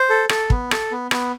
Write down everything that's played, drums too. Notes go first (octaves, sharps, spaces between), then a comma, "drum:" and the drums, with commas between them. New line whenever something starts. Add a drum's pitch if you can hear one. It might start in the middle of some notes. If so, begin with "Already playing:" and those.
Already playing: C5
A4
A4, drum: rim click
B3, drum: kick
A4, drum: rim click
B3
B3, drum: rim click